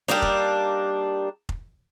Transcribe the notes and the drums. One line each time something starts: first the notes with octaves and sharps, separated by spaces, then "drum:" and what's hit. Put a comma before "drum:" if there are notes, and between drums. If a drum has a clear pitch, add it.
G3 A#3 D4 D#4, drum: snare D4
drum: kick F1
drum: kick F1